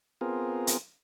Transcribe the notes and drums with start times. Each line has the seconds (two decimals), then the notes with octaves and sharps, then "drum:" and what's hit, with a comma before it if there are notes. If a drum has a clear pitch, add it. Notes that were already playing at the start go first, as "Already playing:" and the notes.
0.21 B3 C4 F4 G#4 A#4
0.67 drum: hi-hat